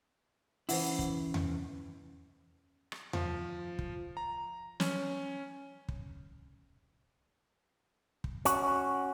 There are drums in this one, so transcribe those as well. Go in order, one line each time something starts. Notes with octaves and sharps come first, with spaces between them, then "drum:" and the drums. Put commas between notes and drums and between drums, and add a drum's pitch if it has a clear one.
E3 C#4 E4 C5 F#5, drum: open hi-hat
drum: kick
drum: tom E2
drum: rim click
F3, drum: tom E2
drum: kick
A#5
C#4, drum: snare
drum: kick
drum: kick
C#4 F#4, drum: hi-hat